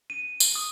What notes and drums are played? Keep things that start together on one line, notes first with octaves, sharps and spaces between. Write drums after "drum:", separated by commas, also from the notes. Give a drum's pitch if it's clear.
D#7
drum: tambourine
D#6